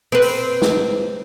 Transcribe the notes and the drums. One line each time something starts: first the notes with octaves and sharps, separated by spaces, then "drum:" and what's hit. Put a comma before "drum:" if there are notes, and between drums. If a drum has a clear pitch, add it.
C4 B4
drum: open hi-hat
drum: snare